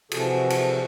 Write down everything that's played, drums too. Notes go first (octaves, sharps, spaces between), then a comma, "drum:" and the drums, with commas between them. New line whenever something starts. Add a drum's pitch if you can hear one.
C3 E3 F3 F#4 G#4 A4, drum: cymbal
drum: cymbal